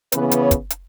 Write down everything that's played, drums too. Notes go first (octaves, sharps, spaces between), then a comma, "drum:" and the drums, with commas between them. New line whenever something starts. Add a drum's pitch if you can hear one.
C#3 E3 B3 B4, drum: hi-hat
drum: hi-hat
C#5
drum: kick, hi-hat
drum: hi-hat